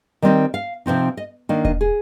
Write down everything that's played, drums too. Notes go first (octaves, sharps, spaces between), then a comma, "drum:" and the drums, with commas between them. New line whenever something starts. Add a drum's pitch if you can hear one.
D#3 G3 C4 D#4
F5
C3 F3 C4 D#4
D#5
D#3 A#3 D4
D#5, drum: kick E1
G#4